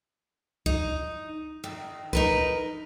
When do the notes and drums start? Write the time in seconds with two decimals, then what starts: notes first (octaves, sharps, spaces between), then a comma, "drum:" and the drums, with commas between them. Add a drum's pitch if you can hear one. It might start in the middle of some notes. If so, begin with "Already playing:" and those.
0.66 D#4, drum: kick C#2
1.64 D#3, drum: cymbal
2.13 D#4 A#4 B4, drum: kick C#2